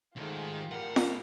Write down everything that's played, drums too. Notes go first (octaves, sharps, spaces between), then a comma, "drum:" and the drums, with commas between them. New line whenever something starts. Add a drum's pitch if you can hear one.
B1 G#2 D#3 A3 F4 G4
A2 A#4 F5 F#5
drum: snare